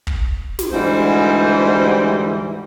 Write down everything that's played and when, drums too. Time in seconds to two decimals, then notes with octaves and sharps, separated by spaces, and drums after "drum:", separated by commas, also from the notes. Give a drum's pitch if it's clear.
0.07 drum: kick
0.59 drum: snare
0.72 D2 G#2 E3 G3 C5